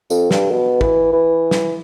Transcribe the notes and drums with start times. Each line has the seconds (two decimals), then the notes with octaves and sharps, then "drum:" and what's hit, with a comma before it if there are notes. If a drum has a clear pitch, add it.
0.10 F2, drum: tambourine
0.31 G2, drum: snare
0.51 B2
0.81 E3, drum: kick
1.13 E3
1.51 drum: snare